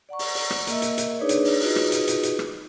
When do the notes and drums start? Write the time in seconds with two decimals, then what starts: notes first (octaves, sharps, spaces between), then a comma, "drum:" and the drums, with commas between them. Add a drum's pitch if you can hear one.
0.09 D5 F#5 A#5 C#6
0.19 drum: open hi-hat
0.35 drum: open hi-hat
0.51 drum: rim click
0.67 A#3 A#4 D#5 E5 E6, drum: hi-hat
0.82 drum: hi-hat
0.98 drum: hi-hat
1.19 D4 D#4 G#4 B4 C#5 D5
1.29 drum: hi-hat
1.45 drum: open hi-hat
1.60 D#4 F4 F#4 G#4 B4 D#5, drum: open hi-hat
1.76 drum: rim click
1.92 drum: hi-hat
2.07 drum: hi-hat
2.23 drum: hi-hat
2.39 drum: rim click